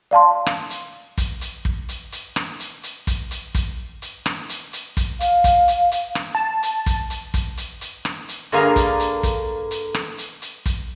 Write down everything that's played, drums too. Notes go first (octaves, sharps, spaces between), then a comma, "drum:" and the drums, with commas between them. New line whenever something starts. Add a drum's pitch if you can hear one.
D5 F5 A5 C6
drum: rim click
drum: hi-hat
drum: kick, hi-hat
drum: hi-hat
drum: kick
drum: hi-hat
drum: hi-hat
drum: rim click
drum: hi-hat
drum: hi-hat
drum: kick, hi-hat
drum: hi-hat
drum: kick, hi-hat
drum: hi-hat
drum: rim click
drum: hi-hat
drum: hi-hat
drum: kick, hi-hat
F5, drum: hi-hat
drum: kick, hi-hat
drum: hi-hat
drum: hi-hat
drum: rim click
A5
drum: hi-hat
drum: kick, hi-hat
drum: hi-hat
drum: kick, hi-hat
drum: hi-hat
drum: hi-hat
drum: rim click
drum: hi-hat
G2 D3 A#3 G#4 A#4 F5
drum: kick, hi-hat
drum: hi-hat
drum: kick, hi-hat
drum: hi-hat
drum: rim click
drum: hi-hat
drum: hi-hat
drum: kick, hi-hat